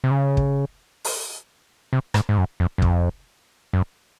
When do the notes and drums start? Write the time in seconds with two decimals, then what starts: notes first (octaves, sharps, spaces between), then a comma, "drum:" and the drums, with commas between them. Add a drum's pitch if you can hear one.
0.04 C3
0.11 C#3
0.37 drum: kick
1.05 drum: open hi-hat
1.93 C3
2.14 G#2, drum: rim click
2.29 G#2
2.38 F#2
2.60 F2
2.78 F#2
2.82 F2, drum: kick
3.73 F#2